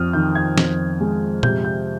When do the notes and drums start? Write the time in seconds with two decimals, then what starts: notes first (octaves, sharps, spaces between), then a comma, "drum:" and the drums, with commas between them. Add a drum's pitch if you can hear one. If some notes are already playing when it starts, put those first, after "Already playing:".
Already playing: F2 D#6 F6
0.13 D#3 G6
0.35 G#6
0.58 F2, drum: snare
1.00 G#3
1.43 C3 G6, drum: tom A#2
1.64 G6